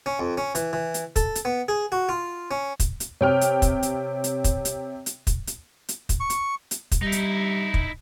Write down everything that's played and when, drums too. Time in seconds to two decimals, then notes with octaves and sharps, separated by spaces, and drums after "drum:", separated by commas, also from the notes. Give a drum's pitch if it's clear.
0.06 C#4
0.19 F2
0.37 C#4
0.55 E3, drum: hi-hat
0.73 E3
0.94 drum: hi-hat
1.16 A4, drum: kick, hi-hat
1.35 drum: hi-hat
1.45 B3
1.68 G#4
1.92 F#4
2.09 F4
2.51 C#4
2.80 drum: kick, hi-hat
3.00 drum: hi-hat
3.21 C3 C#5 G5 F6
3.41 drum: hi-hat
3.62 drum: kick, hi-hat
3.83 drum: hi-hat
4.24 drum: hi-hat
4.44 drum: kick, hi-hat
4.65 drum: hi-hat
5.06 drum: hi-hat
5.27 drum: kick, hi-hat
5.47 drum: hi-hat
5.89 drum: hi-hat
6.09 drum: kick, hi-hat
6.20 C#6
6.30 drum: hi-hat
6.71 drum: hi-hat
6.92 drum: kick, hi-hat
7.02 G3 D#4 E4
7.12 drum: hi-hat
7.74 drum: kick